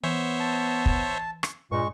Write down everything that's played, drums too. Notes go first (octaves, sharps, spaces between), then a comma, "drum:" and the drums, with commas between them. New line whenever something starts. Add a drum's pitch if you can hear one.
E3 B3 C5 C#5 E5
A5
drum: kick
drum: rim click
G2 A#2 G#3 C#6